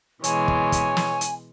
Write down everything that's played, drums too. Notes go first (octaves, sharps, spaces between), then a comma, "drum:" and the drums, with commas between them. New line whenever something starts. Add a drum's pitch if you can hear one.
B2 E3 G#3 C#5 G#5, drum: hi-hat
drum: kick
drum: kick, hi-hat
drum: snare
drum: hi-hat